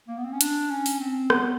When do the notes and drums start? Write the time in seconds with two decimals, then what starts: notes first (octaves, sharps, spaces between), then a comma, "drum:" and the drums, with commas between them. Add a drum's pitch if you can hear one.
0.08 A#3
0.17 B3
0.25 C4
0.33 C#4
0.41 D4, drum: hi-hat
0.70 C#4
0.86 drum: open hi-hat
1.00 C4
1.30 B3, drum: rim click